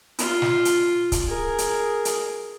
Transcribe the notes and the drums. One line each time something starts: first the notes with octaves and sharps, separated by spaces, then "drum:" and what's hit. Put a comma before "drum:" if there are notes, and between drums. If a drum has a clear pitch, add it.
F4, drum: hi-hat
drum: snare
drum: hi-hat
drum: kick C#1, hi-hat
G#4 A#4
drum: hi-hat
drum: hi-hat